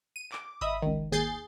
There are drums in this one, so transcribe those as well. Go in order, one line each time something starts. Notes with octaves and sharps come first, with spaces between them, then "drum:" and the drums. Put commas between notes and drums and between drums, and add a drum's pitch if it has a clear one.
D#7
D6, drum: clap
D#5 E5 B5 D#6, drum: kick G#1
C#2 D#3
G#1 D#2 G#4 G6 A6 C7